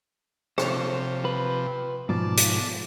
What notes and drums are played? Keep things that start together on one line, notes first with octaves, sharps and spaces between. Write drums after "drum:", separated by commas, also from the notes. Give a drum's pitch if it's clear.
C3 F3 C5 C#5, drum: rim click
B4
G#2 B2 F3 D5 A5
drum: hi-hat